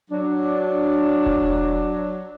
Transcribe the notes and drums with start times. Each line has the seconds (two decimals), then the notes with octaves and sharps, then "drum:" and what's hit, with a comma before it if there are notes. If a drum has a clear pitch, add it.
0.10 F#3 D4
1.26 drum: kick E1